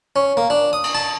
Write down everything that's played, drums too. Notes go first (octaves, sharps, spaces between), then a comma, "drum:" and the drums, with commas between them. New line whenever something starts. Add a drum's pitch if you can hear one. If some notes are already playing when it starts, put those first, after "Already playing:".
C#4
A#3
D4
D#6
drum: cymbal
A5